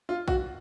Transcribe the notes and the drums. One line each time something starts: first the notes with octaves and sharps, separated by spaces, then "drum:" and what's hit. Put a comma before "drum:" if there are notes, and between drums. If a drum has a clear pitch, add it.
F4
F#4, drum: kick A#1